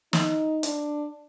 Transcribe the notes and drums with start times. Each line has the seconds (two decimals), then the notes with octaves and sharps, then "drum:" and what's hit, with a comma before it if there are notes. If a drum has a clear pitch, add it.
0.13 D#4, drum: snare
0.63 D4, drum: hi-hat